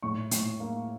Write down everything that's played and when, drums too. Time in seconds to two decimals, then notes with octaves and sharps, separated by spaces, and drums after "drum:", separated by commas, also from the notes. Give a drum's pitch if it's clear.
0.03 A2 C#6
0.31 A2, drum: hi-hat
0.60 A#3